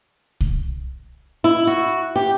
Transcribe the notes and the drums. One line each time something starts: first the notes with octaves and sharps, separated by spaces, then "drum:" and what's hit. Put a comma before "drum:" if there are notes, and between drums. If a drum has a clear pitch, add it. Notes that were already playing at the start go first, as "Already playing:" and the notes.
drum: kick C2
E4
F#4
G4